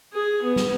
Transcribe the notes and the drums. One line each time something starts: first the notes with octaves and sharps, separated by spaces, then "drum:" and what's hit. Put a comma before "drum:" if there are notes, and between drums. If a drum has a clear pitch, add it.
G#4
B3
drum: snare